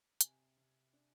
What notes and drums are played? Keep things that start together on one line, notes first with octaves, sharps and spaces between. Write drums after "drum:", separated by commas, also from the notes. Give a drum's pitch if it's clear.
C3 G#5, drum: hi-hat
C3
D4